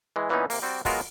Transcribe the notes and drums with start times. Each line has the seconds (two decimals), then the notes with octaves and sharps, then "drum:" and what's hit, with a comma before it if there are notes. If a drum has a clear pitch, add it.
0.16 E3 G#3
0.29 A#2 E3 A#3 B3 C#4 D#4
0.50 C3 A#3, drum: open hi-hat
0.62 G3 C4 F#4 D5
0.85 F#3 G#3 B3 F4 F#4 A#4, drum: kick, open hi-hat